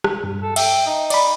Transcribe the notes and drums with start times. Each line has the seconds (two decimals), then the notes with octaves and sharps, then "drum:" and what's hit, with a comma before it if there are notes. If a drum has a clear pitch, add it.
0.04 drum: rim click
0.24 G2
0.42 A4
0.56 E5 G5, drum: cymbal
0.87 D#4
1.10 D5 B5, drum: cymbal